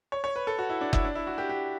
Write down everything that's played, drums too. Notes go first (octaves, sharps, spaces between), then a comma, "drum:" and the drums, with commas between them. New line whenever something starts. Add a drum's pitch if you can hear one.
C#5
C#5
B4
A4
F#4
E4
D4
E4, drum: kick F#1
D4
E4
F#4
G4
G4